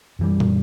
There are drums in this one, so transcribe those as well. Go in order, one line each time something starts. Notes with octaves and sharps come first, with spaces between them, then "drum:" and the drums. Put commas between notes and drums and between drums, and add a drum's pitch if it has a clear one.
F#2 E3 G3
drum: tom